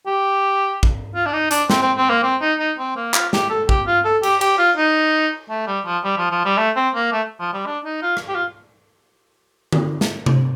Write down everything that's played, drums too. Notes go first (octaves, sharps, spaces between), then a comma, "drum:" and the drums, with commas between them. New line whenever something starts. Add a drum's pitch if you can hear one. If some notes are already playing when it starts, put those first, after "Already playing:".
G4
drum: kick
F4
D4
D#4
D4, drum: hi-hat
C4, drum: snare
C4
C4
A#3
C4
D#4
D#4
C4
A#3
F4, drum: clap
G4, drum: snare
A4
G4, drum: kick
F4
A4
G4, drum: cymbal
G4, drum: cymbal
F4
D#4
A3
G3
F3
G3
F3
F3
G3
A3
C4
A#3
A3
F3
G3
D4
D#4
F4
drum: rim click
G4
F4
drum: tom D3
drum: snare
drum: tom C3